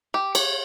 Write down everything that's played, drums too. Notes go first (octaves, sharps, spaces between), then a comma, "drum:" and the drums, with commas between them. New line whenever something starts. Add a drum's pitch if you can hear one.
G4
C#5, drum: cymbal